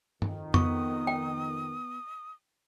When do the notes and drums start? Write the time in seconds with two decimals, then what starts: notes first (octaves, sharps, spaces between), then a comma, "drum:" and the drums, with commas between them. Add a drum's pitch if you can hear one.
0.22 F2 D#3, drum: tom G2
0.54 B3 C#6 D#6, drum: tom F2
1.07 G5